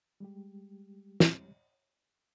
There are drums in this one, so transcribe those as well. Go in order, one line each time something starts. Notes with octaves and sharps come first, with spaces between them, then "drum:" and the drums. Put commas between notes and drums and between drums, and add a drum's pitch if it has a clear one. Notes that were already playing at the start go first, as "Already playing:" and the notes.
G3 G#3 G4
drum: snare